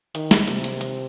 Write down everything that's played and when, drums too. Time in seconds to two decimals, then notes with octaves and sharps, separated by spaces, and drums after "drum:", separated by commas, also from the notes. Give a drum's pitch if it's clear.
0.15 D#3, drum: hi-hat
0.31 drum: snare
0.47 C3, drum: hi-hat
0.64 drum: hi-hat
0.81 drum: hi-hat